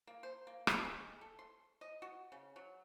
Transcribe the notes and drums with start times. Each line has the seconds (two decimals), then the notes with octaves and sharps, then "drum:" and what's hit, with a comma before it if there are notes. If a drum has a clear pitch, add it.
0.07 A#3
0.23 C5
0.47 A#3
0.67 C4, drum: rim click
0.85 G#3
1.21 A4
1.39 C6
1.81 D#5
2.02 F#4
2.32 C#3
2.56 F#3